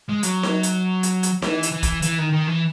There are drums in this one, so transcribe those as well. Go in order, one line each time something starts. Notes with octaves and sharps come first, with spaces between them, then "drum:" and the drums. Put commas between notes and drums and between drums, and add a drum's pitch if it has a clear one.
G#3
F#3, drum: hi-hat
drum: snare D#4
drum: hi-hat
drum: hi-hat
drum: hi-hat
E3, drum: snare D#4
drum: hi-hat
E3
drum: kick, hi-hat
E3, drum: hi-hat
D#3
D#3
E3